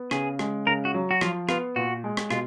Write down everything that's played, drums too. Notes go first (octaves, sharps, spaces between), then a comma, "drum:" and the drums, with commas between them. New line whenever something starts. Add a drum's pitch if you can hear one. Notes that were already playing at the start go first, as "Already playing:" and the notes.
Already playing: B3
C#3 G#4, drum: rim click
G#3, drum: rim click
C#3 A#4
F#4
F#3
F#4
F3 F4, drum: rim click
B3 F4, drum: rim click
A#2 F#4
G#3
drum: rim click
B2 F4, drum: rim click